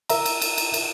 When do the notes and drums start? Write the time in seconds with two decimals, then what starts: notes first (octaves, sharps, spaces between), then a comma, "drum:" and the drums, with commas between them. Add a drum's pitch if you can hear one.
0.09 A#4 E5 A#5, drum: cymbal
0.26 drum: cymbal
0.42 drum: cymbal
0.58 drum: cymbal
0.74 drum: cymbal